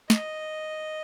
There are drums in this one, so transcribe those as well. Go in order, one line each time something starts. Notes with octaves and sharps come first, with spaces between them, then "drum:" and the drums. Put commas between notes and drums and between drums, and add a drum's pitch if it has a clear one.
D#5, drum: snare